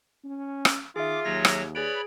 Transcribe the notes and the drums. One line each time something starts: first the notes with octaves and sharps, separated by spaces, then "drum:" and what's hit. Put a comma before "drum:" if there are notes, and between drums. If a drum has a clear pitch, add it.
C#4
drum: rim click
D#3 F4 G#4 E5 D6
D#2 F#3 C#5 A#6
drum: rim click
G#4 B4 C#5 D5 B5 D7